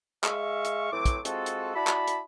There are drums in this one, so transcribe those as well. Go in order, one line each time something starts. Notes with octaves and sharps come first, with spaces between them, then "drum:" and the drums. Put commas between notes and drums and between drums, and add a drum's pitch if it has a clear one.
G#3 E5 F5 C#6, drum: clap
drum: hi-hat
A2 E3 F#3 C4 D6
drum: kick, hi-hat
G#3 C4 F4 F#4 A4, drum: hi-hat
drum: hi-hat
E4 F#4 D5 A5 B5
drum: clap
drum: hi-hat